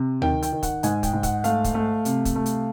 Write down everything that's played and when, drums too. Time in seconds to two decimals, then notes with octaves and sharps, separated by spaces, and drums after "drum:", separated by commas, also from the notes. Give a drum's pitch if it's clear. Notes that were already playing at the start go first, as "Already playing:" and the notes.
Already playing: C3
0.22 D#3 G5, drum: tom D2
0.42 G5, drum: hi-hat
0.52 D#3
0.63 F#5, drum: kick, hi-hat
0.83 G#2 G#5, drum: hi-hat
1.03 G5, drum: kick, hi-hat
1.13 G#2
1.23 F#5, drum: kick, hi-hat
1.44 A3 F5, drum: hi-hat
1.64 drum: kick, hi-hat
1.74 A3
2.05 C3, drum: hi-hat
2.25 drum: kick, hi-hat
2.35 A3
2.46 drum: hi-hat